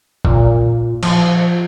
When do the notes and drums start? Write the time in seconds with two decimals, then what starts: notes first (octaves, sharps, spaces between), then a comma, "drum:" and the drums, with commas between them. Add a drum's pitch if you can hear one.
0.25 A#2, drum: kick
1.03 F3, drum: cymbal